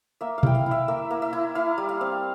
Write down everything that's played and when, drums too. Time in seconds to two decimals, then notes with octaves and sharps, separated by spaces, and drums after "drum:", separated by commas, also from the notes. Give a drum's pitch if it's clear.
0.21 A#3 E5
0.38 F5
0.43 E4 G5, drum: tom B2
0.55 F5
0.66 E4
0.71 E5
0.88 A#3 E5
1.11 A#3
1.22 E5
1.33 E4
1.55 E4 F5
1.78 G3
1.89 F5
2.01 C4